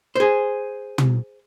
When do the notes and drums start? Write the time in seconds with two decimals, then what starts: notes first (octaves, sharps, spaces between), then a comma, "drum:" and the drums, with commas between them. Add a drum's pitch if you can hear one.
0.15 G#4 C5
0.98 drum: tom